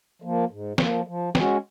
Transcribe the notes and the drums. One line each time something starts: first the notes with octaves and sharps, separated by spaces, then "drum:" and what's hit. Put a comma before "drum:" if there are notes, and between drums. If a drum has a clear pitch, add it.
F3 A#3
G#2
A#3, drum: snare
F3
F3
G#3 C#4 F#4, drum: snare